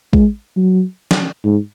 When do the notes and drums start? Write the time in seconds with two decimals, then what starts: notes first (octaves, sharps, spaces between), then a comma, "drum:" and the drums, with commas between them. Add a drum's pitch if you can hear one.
0.13 G#3, drum: kick A1
0.57 F#3
1.11 drum: snare
1.44 G#2